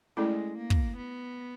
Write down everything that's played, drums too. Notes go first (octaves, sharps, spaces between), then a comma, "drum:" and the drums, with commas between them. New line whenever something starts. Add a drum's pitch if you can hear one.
G#3 A3 C#4 E4 A4 D5
A#3
drum: kick
B3